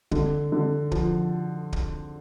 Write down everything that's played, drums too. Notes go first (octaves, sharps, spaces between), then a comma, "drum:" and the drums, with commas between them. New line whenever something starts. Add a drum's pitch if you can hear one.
D3, drum: kick
D3
F3, drum: kick
drum: kick